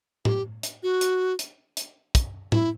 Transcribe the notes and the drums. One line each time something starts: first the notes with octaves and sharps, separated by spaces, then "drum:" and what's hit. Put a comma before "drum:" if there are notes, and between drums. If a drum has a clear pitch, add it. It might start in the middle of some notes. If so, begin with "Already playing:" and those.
G4, drum: tom A2
drum: hi-hat
F#4
drum: hi-hat
drum: hi-hat
drum: hi-hat
drum: kick, hi-hat
E4, drum: tom A2